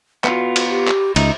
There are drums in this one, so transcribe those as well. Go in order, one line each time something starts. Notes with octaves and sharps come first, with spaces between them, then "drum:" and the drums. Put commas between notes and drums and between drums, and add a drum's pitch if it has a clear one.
B3 F4 F#4, drum: clap
drum: cymbal
G4
drum: clap
C#2 D#4 E5, drum: cymbal